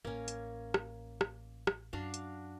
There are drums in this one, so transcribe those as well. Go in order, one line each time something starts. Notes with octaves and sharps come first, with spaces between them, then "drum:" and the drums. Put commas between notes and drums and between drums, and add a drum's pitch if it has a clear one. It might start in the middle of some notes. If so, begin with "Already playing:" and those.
A1 A#3 C#4
drum: hi-hat
drum: rim click
drum: rim click
drum: rim click
F#2 D4 F#4 F5
drum: hi-hat